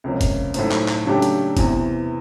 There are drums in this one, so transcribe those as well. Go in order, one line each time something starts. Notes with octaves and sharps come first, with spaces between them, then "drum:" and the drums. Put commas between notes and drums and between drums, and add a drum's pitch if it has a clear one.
C#2 C3 F3 A#3 C#4
drum: kick, hi-hat
A2 F#3 A3 C4 D#4, drum: hi-hat
drum: clap
drum: clap
C#3 F#3 A3 D4 G4
drum: hi-hat
E2 C3 E3, drum: kick, hi-hat